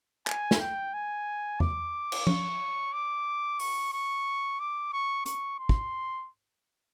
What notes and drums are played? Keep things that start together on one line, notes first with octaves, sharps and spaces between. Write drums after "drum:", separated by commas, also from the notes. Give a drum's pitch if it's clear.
G#5, drum: clap
drum: snare
G5
G#5
D6, drum: tom E2
drum: cymbal
C#6, drum: tom F3
D6
C#6, drum: open hi-hat
C#6
D6
C#6
C#6, drum: hi-hat
C6
drum: kick